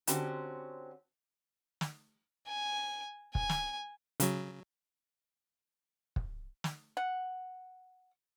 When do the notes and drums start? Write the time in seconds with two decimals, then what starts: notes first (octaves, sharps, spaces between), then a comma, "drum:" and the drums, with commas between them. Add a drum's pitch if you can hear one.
0.07 D3 C4 C#4 F#4 G4, drum: hi-hat
1.81 drum: snare
2.48 G#5
3.35 G#5, drum: kick
3.49 drum: snare
4.20 C#3 F#3, drum: hi-hat
6.16 drum: kick
6.64 drum: snare
6.97 F#5